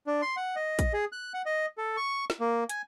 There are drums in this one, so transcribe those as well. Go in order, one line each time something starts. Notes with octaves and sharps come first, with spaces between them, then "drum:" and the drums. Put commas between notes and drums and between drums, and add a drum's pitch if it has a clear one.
D4
C6
F#5
D#5
drum: kick A#1, hi-hat
G#4
F#6
F#5
D#5
A4
C#6
drum: snare
A#3
G#5, drum: hi-hat